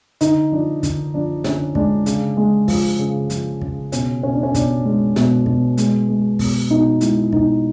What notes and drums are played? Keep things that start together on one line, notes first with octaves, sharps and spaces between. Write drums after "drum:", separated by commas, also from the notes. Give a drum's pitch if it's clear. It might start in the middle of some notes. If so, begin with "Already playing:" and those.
D3 D#4, drum: hi-hat
F3 D4
D3, drum: kick, hi-hat
F3 D4
D3 C#4, drum: snare
G#3 D4, drum: kick
C#3, drum: hi-hat
G#3
F3, drum: kick, open hi-hat
C#3
F3, drum: hi-hat
C#3, drum: kick
B2 C#4, drum: hi-hat
B2 C#4
D4
C#4
B2 D4, drum: kick, hi-hat
G#3
B2, drum: snare
B2, drum: kick
G#3, drum: hi-hat
G#3
B2, drum: kick, open hi-hat
B2 D#4
G#3 E4, drum: hi-hat
B2 D#4, drum: kick